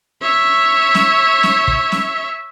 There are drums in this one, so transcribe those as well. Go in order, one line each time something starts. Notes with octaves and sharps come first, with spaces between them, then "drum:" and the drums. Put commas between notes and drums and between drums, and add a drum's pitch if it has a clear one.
C#5 E5
drum: snare
drum: snare
drum: kick
drum: snare